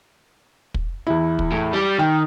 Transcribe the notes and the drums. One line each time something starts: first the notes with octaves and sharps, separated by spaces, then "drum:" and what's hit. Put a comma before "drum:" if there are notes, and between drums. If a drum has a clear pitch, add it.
drum: kick
E2 E4
drum: kick
A2
G3 G4
D#3 G5